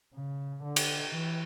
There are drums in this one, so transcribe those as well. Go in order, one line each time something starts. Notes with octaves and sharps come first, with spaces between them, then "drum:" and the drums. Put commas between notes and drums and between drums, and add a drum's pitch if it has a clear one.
C#3
D3
drum: cymbal
E3